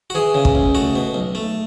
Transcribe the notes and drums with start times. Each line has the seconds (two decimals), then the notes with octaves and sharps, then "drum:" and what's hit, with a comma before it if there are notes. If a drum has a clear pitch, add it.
0.10 F#4
0.15 E3 G#4
0.34 C#3
0.45 drum: kick
0.55 C#2
0.75 A3 F#4
0.96 B2
1.14 B1
1.35 A3